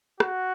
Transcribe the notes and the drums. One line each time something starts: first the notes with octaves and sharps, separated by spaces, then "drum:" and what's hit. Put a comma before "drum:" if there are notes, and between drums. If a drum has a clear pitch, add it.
F#4, drum: rim click